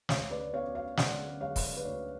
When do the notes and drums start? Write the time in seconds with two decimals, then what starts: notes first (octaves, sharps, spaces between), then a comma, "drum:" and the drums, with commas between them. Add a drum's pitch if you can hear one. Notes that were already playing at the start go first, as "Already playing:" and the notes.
0.09 D2 C#5 F5, drum: snare
0.31 B4 D5
0.53 B3 C#5 F5
0.75 C#5 F5
0.97 D3 D5 F#5, drum: snare
1.41 G#3 C#5 F5
1.56 drum: kick, open hi-hat
1.77 B4
1.85 D2 C#5